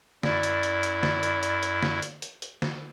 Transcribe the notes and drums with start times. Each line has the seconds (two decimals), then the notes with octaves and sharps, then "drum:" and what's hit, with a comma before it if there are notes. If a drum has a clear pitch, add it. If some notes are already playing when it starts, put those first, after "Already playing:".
0.23 F#2 E4 D5, drum: snare
0.43 drum: hi-hat
0.63 drum: hi-hat
0.83 drum: hi-hat
1.03 drum: snare
1.23 drum: hi-hat
1.43 drum: hi-hat
1.63 drum: hi-hat
1.83 drum: snare
2.02 drum: hi-hat
2.22 drum: hi-hat
2.42 drum: hi-hat
2.62 drum: snare